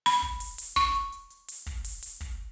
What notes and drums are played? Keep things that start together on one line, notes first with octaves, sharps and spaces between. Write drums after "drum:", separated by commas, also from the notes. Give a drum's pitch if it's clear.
B5, drum: open hi-hat
drum: kick, hi-hat
drum: open hi-hat
drum: open hi-hat
C#6, drum: kick, hi-hat
drum: hi-hat
drum: hi-hat
drum: hi-hat
drum: open hi-hat
drum: kick, hi-hat
drum: open hi-hat
drum: open hi-hat
drum: kick, hi-hat